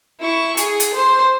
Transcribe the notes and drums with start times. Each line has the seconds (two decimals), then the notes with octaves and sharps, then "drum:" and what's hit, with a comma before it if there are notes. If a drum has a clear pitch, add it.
0.21 E4 C#6
0.57 G#4, drum: hi-hat
0.80 drum: hi-hat
0.93 C5